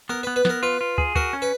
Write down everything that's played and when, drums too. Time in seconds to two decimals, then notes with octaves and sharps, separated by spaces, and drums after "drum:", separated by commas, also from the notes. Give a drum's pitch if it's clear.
0.09 B3 A#4
0.23 B3 B4
0.36 B4
0.45 B3 A#4, drum: snare
0.63 F4 B4
0.81 F4
0.98 G#4, drum: kick
1.15 F#4 A#4, drum: kick
1.33 C#4
1.42 B4